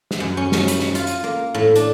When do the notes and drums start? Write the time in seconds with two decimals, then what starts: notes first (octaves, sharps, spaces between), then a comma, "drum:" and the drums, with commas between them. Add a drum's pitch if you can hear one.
0.11 drum: snare
0.20 F#2
0.37 C#4
0.52 drum: snare
0.68 B5, drum: hi-hat
0.79 drum: snare
0.95 F4, drum: hi-hat
1.07 drum: hi-hat
1.24 A#3
1.54 A2
1.76 D4, drum: hi-hat